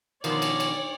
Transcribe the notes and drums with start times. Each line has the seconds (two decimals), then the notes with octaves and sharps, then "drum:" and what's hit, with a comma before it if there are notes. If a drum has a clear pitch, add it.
0.24 B2 D#3 F3 C#5 D5, drum: cymbal
0.42 drum: cymbal
0.60 drum: cymbal